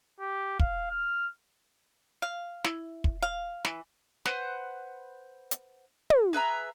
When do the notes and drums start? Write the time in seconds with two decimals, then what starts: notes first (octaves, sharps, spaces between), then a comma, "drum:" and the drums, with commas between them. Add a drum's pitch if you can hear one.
0.20 G4
0.59 F5, drum: kick
0.90 F6
2.22 F5
2.64 E4, drum: snare
3.04 drum: kick
3.22 F5
3.65 E3, drum: snare
4.25 B4 C5 F#5, drum: snare
5.51 drum: hi-hat
6.10 drum: tom
6.33 G#4 B4 E5 A#5